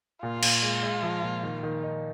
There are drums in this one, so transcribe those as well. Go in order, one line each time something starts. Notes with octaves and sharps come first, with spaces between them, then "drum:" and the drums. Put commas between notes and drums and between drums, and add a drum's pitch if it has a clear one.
A#2 F4
A#2, drum: cymbal
G#3
G#3
F3
A#2
D#3
D#3
D#4